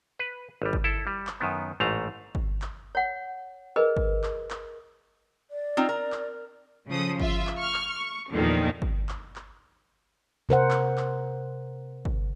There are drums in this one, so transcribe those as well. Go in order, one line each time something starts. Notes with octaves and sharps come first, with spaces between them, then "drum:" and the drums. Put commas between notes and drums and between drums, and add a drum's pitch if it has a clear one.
B4
G#1 G3
drum: kick
E4 A4
G3
drum: clap
F#2 D#3 B3
A1 G#2 A3 F5 A#5
drum: kick
drum: clap
C#5 F#5
G#4 A#4 B4 D#5
drum: kick
drum: clap
drum: clap
D5
C4 D#4 F4
A#4
drum: clap
C#3 F3 A4 D#6
F4 E5, drum: kick
drum: clap
C#6 F6
drum: clap
C#6
E2 A#2 D3 D#3 F3
drum: kick
drum: clap
drum: clap
C3 A#4 C5 F#5
drum: clap
drum: clap
drum: kick